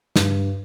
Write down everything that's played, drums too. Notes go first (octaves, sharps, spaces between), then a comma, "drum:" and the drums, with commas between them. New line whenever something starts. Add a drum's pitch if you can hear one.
G2, drum: snare